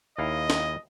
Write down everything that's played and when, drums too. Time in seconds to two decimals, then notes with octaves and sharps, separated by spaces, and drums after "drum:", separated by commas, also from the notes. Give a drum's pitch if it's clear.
0.18 D#2 E4 D#5 F5
0.50 drum: snare